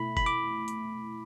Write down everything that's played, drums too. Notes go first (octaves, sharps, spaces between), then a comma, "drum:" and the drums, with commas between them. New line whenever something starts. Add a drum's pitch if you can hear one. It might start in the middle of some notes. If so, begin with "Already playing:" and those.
Already playing: B2 A3 E4 B5
B5, drum: kick F#1
D6
drum: hi-hat